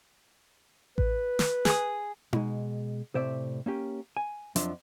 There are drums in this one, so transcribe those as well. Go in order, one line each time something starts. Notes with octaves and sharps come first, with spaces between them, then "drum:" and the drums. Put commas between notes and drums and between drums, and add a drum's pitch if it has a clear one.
B4, drum: kick A1
drum: snare
G#4 D#6, drum: snare
B2 G#3, drum: tom D#4
A2 C3 C5 D5 E5
A#3 C#4 G4
G#5
F2 F3 F#3 D4 E5 C6, drum: hi-hat